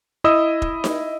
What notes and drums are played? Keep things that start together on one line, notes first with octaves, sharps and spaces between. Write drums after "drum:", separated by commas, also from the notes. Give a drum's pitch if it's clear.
E4 D#5 D#6 E6
drum: kick E1
drum: snare D#4